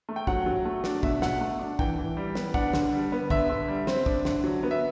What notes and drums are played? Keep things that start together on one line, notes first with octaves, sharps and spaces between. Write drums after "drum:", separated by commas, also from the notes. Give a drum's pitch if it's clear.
A3
G5
F#3 F#5, drum: kick
F#3
A3
D4, drum: snare
B2 E5, drum: kick
B2 F#5, drum: snare
A3
D4
E3 G5, drum: kick
E3
G3
B3, drum: snare
D4 F#5, drum: kick
D3, drum: snare
G3
B3
D3 E5, drum: kick
D3
G3
C4, drum: snare
D4, drum: kick
D3, drum: snare
F#3
B3
E5